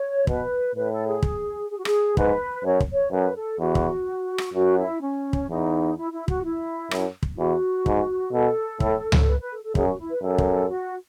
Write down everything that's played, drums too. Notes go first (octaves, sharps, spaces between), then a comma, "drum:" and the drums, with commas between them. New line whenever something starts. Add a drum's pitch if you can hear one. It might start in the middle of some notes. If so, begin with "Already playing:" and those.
Already playing: C#5
B2 B4, drum: kick
A2 B4
A4
G#4
drum: kick
G#4
F#4
G#4, drum: rim click
G#2 B4, drum: kick
F#2 C#5
drum: kick
C#5
F#2 B4
A4
E2 F#4
drum: kick
drum: rim click
F#2 F#4
E4
C#4
drum: kick
E2 D#4
E4
E4
F#4, drum: kick
E4
F#2, drum: rim click
drum: kick
E4
E2 F#4
G#2, drum: kick
B2 A4
A2, drum: kick
drum: tom C#2
B4
B4
A4
A4
F#2 G#4, drum: kick
F#4
E4
B4
F#2 A4
drum: kick
F#4